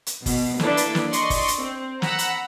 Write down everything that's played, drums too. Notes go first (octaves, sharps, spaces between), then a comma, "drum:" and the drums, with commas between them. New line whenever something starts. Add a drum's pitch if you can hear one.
drum: hi-hat
B2, drum: kick, open hi-hat
A#3 D4 E4 A4 B4, drum: snare
drum: hi-hat
drum: snare
D5 D#5 C6 C#6, drum: hi-hat
drum: kick, open hi-hat
drum: hi-hat
C4
F#5 A#5 B5 E6 F#6, drum: snare
drum: hi-hat